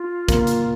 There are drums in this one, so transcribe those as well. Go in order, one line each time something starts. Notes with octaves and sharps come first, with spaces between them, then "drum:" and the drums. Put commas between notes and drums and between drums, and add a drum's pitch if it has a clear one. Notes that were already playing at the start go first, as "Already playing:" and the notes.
Already playing: F4
A#3, drum: kick, hi-hat
drum: hi-hat